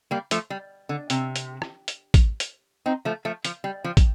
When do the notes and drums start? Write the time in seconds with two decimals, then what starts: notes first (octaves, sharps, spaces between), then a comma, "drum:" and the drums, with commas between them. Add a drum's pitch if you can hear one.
0.11 G3 A#3
0.31 F3 A3, drum: hi-hat
0.50 G3
0.89 D3
1.10 C3, drum: hi-hat
1.36 drum: hi-hat
1.62 drum: rim click
1.88 drum: hi-hat
2.14 drum: kick, hi-hat
2.40 drum: hi-hat
2.86 C4 D#4
3.05 F3 A3
3.25 F3 A3
3.45 F3, drum: hi-hat
3.64 G3
3.84 F3
3.97 drum: kick, hi-hat